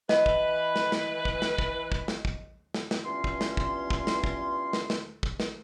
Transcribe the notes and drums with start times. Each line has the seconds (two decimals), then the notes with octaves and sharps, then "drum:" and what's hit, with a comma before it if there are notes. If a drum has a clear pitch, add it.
0.09 E3 B4 D#5, drum: snare
0.26 drum: kick
0.76 drum: snare
0.92 drum: snare
1.25 drum: kick
1.42 drum: snare
1.58 drum: kick
1.92 drum: kick
2.08 drum: snare
2.25 drum: kick
2.74 drum: snare
2.91 drum: snare
3.05 E2 G2 C#4 F4 C6
3.24 drum: kick
3.41 drum: snare
3.57 drum: kick
3.90 drum: kick
4.07 drum: snare
4.24 drum: kick
4.73 drum: snare
4.90 drum: snare
5.23 drum: kick
5.40 drum: snare